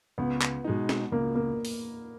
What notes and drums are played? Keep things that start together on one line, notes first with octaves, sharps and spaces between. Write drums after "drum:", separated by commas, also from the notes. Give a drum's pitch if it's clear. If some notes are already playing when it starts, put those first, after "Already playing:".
C#2 B3
drum: clap
B2 G#3 D#4
drum: snare
C#2 A#3
A#3
drum: open hi-hat